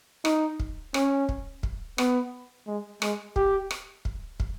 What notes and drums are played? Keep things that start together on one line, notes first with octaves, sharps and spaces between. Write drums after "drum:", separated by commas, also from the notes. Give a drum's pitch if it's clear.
D#4, drum: rim click
drum: kick
C#4, drum: rim click
drum: kick
drum: kick
B3, drum: rim click
G#3
G#3, drum: rim click
G4, drum: kick
drum: rim click
drum: kick
drum: kick